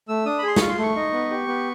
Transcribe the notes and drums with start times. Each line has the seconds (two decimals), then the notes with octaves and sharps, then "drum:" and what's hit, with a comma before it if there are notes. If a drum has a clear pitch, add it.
0.08 A3 E6
0.25 D4 D#6
0.39 B5
0.43 G#4 C6
0.56 F4 C#6, drum: snare
0.69 C6
0.78 A3 C#6
0.96 D#4
1.13 B3
1.31 G4
1.48 B3